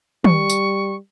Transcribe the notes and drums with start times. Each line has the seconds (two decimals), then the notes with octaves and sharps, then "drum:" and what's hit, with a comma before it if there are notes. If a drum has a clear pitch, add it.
0.24 G3 C#6, drum: tom D#3
0.49 drum: tambourine